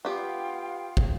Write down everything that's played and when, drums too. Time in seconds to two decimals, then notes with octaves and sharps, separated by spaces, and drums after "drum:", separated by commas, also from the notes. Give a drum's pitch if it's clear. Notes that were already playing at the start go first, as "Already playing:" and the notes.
0.05 B3 F4 G4 F5 G5
0.97 drum: kick